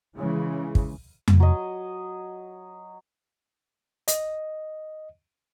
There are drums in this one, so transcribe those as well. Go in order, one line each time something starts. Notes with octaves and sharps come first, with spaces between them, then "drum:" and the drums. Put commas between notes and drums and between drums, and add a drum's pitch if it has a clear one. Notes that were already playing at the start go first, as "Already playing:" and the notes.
C#3 E3 G#3
drum: kick
drum: tom F2
F#3 D#5
D#5, drum: hi-hat